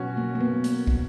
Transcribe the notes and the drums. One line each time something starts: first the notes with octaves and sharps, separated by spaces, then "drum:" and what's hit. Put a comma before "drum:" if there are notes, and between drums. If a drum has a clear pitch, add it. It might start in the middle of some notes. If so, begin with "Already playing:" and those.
Already playing: B2 F#3 C#4 F#4
A#3
A#3
B3
drum: hi-hat
drum: kick